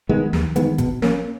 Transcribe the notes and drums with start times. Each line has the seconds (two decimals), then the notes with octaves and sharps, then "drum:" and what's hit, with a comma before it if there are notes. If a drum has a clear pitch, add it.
0.09 D#3 G#3 B3
0.33 D#2, drum: snare
0.56 D#3 G#3 B3, drum: hi-hat
0.78 B2, drum: kick, hi-hat
1.02 A#3 C#4, drum: snare